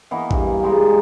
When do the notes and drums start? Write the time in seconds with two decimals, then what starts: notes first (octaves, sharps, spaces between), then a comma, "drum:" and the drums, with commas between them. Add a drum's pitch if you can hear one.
0.11 E3 A#3 B3 D#4
0.31 G2 E3, drum: kick A1
0.63 G3 G#3 D#4 G4